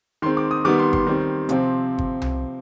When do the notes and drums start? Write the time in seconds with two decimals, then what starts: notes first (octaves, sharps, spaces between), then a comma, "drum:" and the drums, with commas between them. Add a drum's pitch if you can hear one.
0.22 D#3 G#3 C4 C6
0.37 D6
0.51 D#6
0.65 D#3 G3 B3 D6
0.79 C6
0.93 C6, drum: kick G1
1.07 D#3 G3 C4
1.49 C3 F3 C4, drum: hi-hat
1.98 drum: kick G1
2.22 drum: tom C2